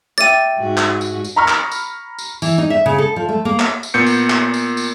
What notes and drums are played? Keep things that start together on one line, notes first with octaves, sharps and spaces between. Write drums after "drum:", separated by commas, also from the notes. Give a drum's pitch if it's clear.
D5 E5 G5 A6 D#7
G#2 F#4
drum: clap
drum: tambourine
drum: tambourine
A#5 B5 C#6 F6
drum: clap
drum: tambourine
drum: tambourine
E3, drum: tambourine
D#4
E5
C#3
A4
F3
A3
A#3
drum: clap
drum: tambourine
A#2 B3 G6 C#7
drum: tambourine
drum: clap
drum: tambourine
drum: tambourine